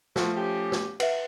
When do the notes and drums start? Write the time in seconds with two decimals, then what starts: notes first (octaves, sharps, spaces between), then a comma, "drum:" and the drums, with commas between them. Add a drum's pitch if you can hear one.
0.16 F3 A3 F4 F#4, drum: snare
0.37 C#4 G4
0.72 drum: snare
1.00 B4 E5 F#5, drum: cymbal